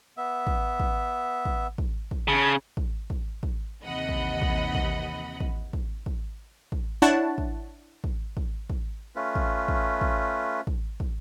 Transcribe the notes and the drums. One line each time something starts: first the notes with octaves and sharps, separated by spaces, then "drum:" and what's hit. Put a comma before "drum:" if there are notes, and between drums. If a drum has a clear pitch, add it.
B3 E5
drum: kick
drum: kick
drum: kick
drum: kick
drum: kick
C#3 A5 B5 D#6
drum: kick
drum: kick
drum: kick
D#2 C3 E3 D#5 F#5 B5
drum: kick
drum: kick
drum: kick
drum: kick
drum: kick
drum: kick
drum: kick
D4 E4 C#5 F#5 A5
drum: kick
drum: kick
drum: kick
drum: kick
A3 C#4 F4 B4
drum: kick
drum: kick
drum: kick
drum: kick
drum: kick